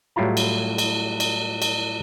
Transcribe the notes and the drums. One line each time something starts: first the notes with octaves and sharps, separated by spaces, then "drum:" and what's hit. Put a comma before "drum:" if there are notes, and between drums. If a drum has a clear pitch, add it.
A2 F#3 G3 E4 F4 A#5
drum: cymbal
drum: cymbal
drum: cymbal
drum: cymbal